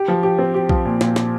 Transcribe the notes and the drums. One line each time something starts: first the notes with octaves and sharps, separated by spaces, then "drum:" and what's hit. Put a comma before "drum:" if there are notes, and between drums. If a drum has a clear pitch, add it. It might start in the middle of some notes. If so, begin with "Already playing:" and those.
Already playing: G4
F3
G4
C4
G4
F3, drum: kick B1
A#2
A#2, drum: snare
drum: snare